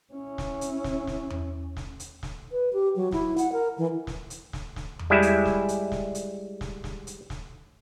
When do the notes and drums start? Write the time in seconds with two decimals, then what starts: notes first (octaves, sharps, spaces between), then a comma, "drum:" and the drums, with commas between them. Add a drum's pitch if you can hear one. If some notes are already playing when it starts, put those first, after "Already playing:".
0.13 C#4 E4
0.38 drum: snare
0.61 drum: hi-hat
0.84 drum: snare
1.07 drum: snare
1.30 drum: tom E2
1.77 drum: snare
2.00 drum: hi-hat
2.23 drum: snare
2.52 B4
2.73 G4
2.96 F#3
3.12 E4, drum: snare
3.38 F#5, drum: hi-hat
3.53 A#4
3.78 E3
4.07 drum: snare
4.30 drum: hi-hat
4.53 drum: snare
4.76 drum: snare
4.99 drum: tom E2
5.10 G3 G#3 E4 E5
5.22 drum: hi-hat
5.45 drum: snare
5.69 drum: hi-hat
5.92 drum: snare
6.15 drum: hi-hat
6.61 drum: snare
6.84 drum: snare
7.07 drum: hi-hat
7.30 drum: snare